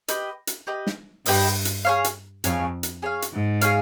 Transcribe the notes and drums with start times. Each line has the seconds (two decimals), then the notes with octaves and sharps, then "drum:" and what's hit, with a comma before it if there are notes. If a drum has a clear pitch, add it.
0.08 G4 B4 D#5, drum: hi-hat
0.47 drum: hi-hat
0.67 G4 B4 D#5
0.87 drum: snare
1.26 G2 G4 B4 D#5, drum: open hi-hat
1.65 drum: hi-hat
1.85 G#4 C#5 F5
2.04 drum: hi-hat
2.44 F2 G#4 C#5 F5, drum: hi-hat
2.83 drum: hi-hat
3.02 G#4 C#5 F5
3.22 drum: hi-hat
3.32 G#2
3.61 G#4 C#5 F5, drum: hi-hat